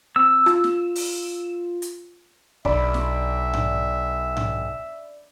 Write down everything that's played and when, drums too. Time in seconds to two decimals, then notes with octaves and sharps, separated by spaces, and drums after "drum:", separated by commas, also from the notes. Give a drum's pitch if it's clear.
0.16 C4 E6
0.46 F4, drum: rim click
0.64 drum: snare
0.95 drum: open hi-hat
1.82 drum: hi-hat
2.65 B1 D5 E5 B5, drum: kick
2.94 drum: snare
3.53 drum: tom G#2
4.37 drum: tom G#2